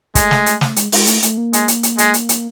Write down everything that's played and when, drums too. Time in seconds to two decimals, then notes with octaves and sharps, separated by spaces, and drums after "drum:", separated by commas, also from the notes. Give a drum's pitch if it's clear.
0.15 G#3 A3, drum: kick, hi-hat
0.31 drum: snare
0.46 drum: hi-hat
0.61 A3, drum: snare
0.76 G#3, drum: hi-hat
0.92 G#3, drum: open hi-hat
1.07 A3, drum: hi-hat
1.22 A3, drum: hi-hat
1.37 A#3
1.53 G#3, drum: hi-hat
1.68 drum: hi-hat
1.83 drum: hi-hat
1.98 G#3, drum: hi-hat
2.14 drum: hi-hat
2.29 drum: hi-hat